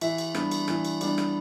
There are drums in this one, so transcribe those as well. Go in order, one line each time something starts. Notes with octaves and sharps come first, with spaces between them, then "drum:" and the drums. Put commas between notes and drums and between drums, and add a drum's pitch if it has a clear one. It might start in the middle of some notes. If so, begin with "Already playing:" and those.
E3 E5, drum: cymbal
drum: cymbal
G3 B3 D4, drum: rim click
drum: cymbal
E3, drum: rim click
drum: cymbal
G3 B3 D4, drum: cymbal
drum: rim click